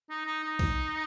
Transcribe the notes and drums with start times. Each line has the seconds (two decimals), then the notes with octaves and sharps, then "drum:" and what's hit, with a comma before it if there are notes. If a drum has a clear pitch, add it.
0.10 D#4
0.26 D#4
0.43 D#4
0.59 drum: kick A#1, open hi-hat